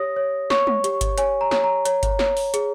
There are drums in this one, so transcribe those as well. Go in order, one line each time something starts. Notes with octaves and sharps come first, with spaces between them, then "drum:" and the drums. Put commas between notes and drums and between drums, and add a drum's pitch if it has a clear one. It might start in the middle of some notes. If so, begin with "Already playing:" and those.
Already playing: G4 C#5 D#6 A#6
C#5
C#5 C#6, drum: snare
drum: tom
G4, drum: hi-hat
drum: kick G1, hi-hat
C#5 G#5, drum: hi-hat
A#5
C#5, drum: snare
A#5
C#5, drum: hi-hat
drum: kick G1, hi-hat
C#5, drum: snare
drum: open hi-hat
G#4, drum: hi-hat